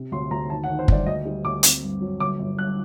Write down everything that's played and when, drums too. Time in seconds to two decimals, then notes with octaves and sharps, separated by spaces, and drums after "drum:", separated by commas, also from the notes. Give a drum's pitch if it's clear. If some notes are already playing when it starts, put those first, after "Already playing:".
Already playing: C3
0.12 D2 C6
0.31 D2 A#5
0.50 D#3 A5
0.64 F#5
0.68 D#3
0.79 C5
0.88 G1 D5, drum: kick
1.06 D2 D#5
1.25 G3
1.45 D2 D6
1.63 C4, drum: hi-hat
1.83 G2
2.01 F#3
2.20 G1 D6
2.39 G1
2.58 G2 F#6